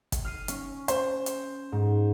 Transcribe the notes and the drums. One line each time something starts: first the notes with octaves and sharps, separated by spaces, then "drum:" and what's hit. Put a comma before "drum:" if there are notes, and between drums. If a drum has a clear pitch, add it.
drum: kick, hi-hat
F6 C7 D#7
C#4, drum: hi-hat
C5, drum: hi-hat
drum: hi-hat
G#2